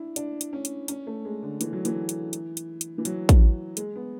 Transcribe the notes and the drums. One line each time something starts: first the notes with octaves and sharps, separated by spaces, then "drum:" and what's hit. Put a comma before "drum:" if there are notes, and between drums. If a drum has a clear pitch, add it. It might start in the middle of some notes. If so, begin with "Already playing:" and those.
Already playing: D4 E4
D4, drum: hi-hat
drum: hi-hat
C#4
drum: hi-hat
C#4, drum: hi-hat
A3
G#3
D3
E3, drum: hi-hat
F#3
E3, drum: hi-hat
drum: hi-hat
drum: hi-hat
drum: hi-hat
drum: hi-hat
E3
F#3, drum: hi-hat
drum: kick A1, hi-hat
G#3, drum: hi-hat
B3